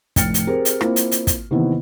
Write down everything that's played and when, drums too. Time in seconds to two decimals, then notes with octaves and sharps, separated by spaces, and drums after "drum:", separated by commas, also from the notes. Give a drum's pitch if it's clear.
0.16 F1 A2 G5 F6 A6 C#7, drum: kick, hi-hat
0.34 drum: hi-hat
0.47 C4 G4 G#4 A#4
0.65 drum: hi-hat
0.81 A#3 C4 E4 F4, drum: rim click
0.96 drum: hi-hat
1.12 drum: hi-hat
1.27 drum: kick, hi-hat
1.51 C3 D#3 E3 A#3 B3 E4